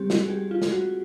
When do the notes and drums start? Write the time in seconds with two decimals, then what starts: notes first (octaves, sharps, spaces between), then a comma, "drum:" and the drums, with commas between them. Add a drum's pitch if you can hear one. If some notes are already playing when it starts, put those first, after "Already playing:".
Already playing: G3 C4 G4
0.10 F#4, drum: snare
0.25 G#4
0.30 G4
0.51 F4
0.62 drum: snare
0.72 F#4